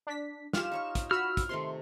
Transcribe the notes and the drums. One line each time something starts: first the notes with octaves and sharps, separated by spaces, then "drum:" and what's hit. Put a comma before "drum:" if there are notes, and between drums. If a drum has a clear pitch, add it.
D4 B6
F4 G4 F6 E7, drum: snare
D#4 C#5 C#6
drum: kick, hi-hat
F#4 B5 E6 F6
drum: kick, hi-hat
C3 D#3 A3 C6